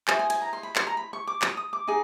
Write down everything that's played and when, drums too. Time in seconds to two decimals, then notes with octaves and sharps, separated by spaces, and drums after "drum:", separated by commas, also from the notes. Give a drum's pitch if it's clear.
0.08 E4 A4 C5 D#5 G#5, drum: clap
0.19 G#5
0.30 G#5, drum: cymbal
0.42 A#5
0.53 C6
0.63 B5
0.76 C6, drum: clap
0.87 A#5
0.97 B5
1.13 C#6
1.27 D6
1.42 D#6, drum: clap
1.57 D#6
1.73 D6
1.87 D#4 G#4